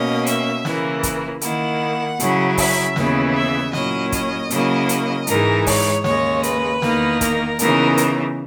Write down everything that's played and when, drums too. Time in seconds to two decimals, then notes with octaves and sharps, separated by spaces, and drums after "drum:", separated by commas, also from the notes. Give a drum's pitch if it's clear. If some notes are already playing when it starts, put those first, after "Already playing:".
Already playing: B2 A#3 C#4 D#5
0.26 E5, drum: hi-hat
0.65 C#3 E3 A#3 E4, drum: snare
1.03 drum: kick, hi-hat
1.41 D#3 A#3 E4 F#5, drum: hi-hat
2.20 C#3 F#3 C#4 E4, drum: hi-hat
2.58 E5, drum: kick, open hi-hat
2.96 D#2 C#3 E3 B3 E4, drum: snare
3.34 E5
3.73 A#2 F#3 C#4 E4 D#5, drum: snare
4.12 D#5, drum: kick, hi-hat
4.50 C#3 F#3 A#3 E4, drum: hi-hat
4.89 drum: hi-hat
5.27 G#2 E3 G#3 D#4 A#4, drum: hi-hat
5.67 C#5, drum: kick, open hi-hat
6.04 D#2 C#3 G#3 C#5, drum: snare
6.43 B4, drum: hi-hat
6.82 E2 D#3 A#3 D#4, drum: snare
7.21 A#4, drum: kick, hi-hat
7.59 C#3 E3 B3 D#4 A#4, drum: hi-hat
7.97 drum: hi-hat